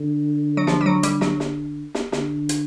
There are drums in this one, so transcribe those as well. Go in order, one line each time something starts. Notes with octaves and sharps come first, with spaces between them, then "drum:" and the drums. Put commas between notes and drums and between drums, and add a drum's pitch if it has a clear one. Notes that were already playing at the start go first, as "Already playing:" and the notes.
Already playing: D3
F#3
F3, drum: snare
G3
F#3
G3, drum: hi-hat
F#3, drum: snare
drum: snare
drum: snare
D3, drum: snare
drum: hi-hat